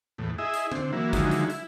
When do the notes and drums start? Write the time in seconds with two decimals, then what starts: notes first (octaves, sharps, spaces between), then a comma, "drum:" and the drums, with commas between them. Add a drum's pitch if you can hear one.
0.18 E2 A2
0.38 E4 G#4 D#5 E5
0.54 drum: hi-hat
0.72 D3 C4, drum: tom D3
0.92 E3 F#3 A#3 E4
1.13 D3 D#3 F3 F#3 G#3 E4, drum: kick, hi-hat
1.31 drum: hi-hat
1.50 E4, drum: hi-hat